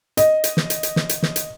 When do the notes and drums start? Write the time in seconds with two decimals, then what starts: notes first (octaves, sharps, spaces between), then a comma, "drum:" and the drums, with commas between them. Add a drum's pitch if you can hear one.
0.17 D#5, drum: hi-hat
0.44 drum: hi-hat
0.57 drum: snare
0.70 drum: hi-hat
0.83 drum: hi-hat
0.96 drum: snare
1.09 drum: hi-hat
1.23 drum: snare
1.36 drum: hi-hat